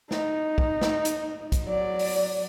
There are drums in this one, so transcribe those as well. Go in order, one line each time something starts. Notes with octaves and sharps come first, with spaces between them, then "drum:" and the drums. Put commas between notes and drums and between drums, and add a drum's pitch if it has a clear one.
D#4, drum: snare
drum: kick
drum: snare
drum: hi-hat
drum: kick, hi-hat
F#3 D5
drum: open hi-hat